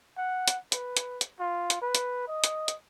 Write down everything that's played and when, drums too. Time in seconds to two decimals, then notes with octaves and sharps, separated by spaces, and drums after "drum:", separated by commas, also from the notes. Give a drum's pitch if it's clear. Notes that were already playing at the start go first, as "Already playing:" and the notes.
0.17 F#5
0.48 drum: hi-hat
0.72 B4, drum: hi-hat
0.97 drum: hi-hat
1.21 drum: hi-hat
1.39 F4
1.70 drum: hi-hat
1.81 B4
1.95 drum: hi-hat
2.28 D#5
2.44 drum: hi-hat
2.68 drum: hi-hat